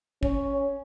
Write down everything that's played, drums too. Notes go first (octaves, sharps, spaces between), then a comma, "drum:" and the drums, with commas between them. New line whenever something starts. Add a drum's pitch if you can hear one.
C#4, drum: kick